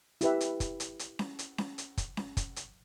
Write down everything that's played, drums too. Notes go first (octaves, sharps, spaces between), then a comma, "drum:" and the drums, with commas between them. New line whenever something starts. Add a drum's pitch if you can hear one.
E4 G4 B4 E5, drum: hi-hat
drum: hi-hat
drum: kick, hi-hat
drum: hi-hat
drum: hi-hat
drum: snare C#4
drum: hi-hat
drum: snare C#4
drum: hi-hat
drum: kick, hi-hat
drum: snare C#4
drum: kick, hi-hat
drum: hi-hat